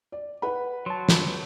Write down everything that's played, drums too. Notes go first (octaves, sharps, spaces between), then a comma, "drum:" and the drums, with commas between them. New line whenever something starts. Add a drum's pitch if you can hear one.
D5
B4 F#5 B5
F#3 A5 C6
drum: snare